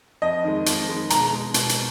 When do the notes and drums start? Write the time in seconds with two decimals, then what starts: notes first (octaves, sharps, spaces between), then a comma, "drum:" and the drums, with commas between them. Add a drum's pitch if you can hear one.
0.22 F2 D#5
0.44 D#3 G#3
0.66 F2, drum: hi-hat
0.88 D#3 G#3
1.10 B2 A#5, drum: hi-hat
1.32 G#3
1.54 B2, drum: hi-hat
1.69 drum: hi-hat